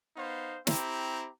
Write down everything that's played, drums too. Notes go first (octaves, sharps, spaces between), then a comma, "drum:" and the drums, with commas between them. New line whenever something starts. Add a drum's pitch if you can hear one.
B3 D#4 C5 F5
C4 E4 G4 A#5, drum: snare